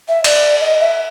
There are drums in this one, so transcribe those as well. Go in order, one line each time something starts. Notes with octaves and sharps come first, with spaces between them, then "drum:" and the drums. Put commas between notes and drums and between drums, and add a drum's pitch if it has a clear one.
E5
D5, drum: cymbal
D#5
E5